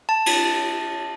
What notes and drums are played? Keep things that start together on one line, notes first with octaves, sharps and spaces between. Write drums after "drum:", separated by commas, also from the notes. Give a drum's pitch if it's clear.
A5
drum: cymbal